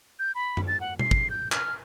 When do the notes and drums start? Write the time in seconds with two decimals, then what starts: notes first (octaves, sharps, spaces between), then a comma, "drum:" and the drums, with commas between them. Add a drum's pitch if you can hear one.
0.19 G6
0.35 B5
0.57 drum: tom F#2
0.68 A6
0.81 F#5
0.99 C7, drum: tom B2
1.11 drum: kick
1.30 G6
1.52 F6, drum: clap